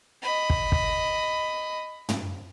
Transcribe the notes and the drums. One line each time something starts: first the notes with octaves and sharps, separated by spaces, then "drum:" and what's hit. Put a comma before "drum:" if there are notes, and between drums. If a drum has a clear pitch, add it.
D#5 B5
drum: kick
drum: kick
drum: tom